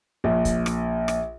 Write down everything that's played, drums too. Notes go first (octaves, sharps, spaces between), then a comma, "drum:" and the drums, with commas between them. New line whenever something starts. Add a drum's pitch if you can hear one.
A#1
drum: kick, hi-hat
drum: rim click
drum: rim click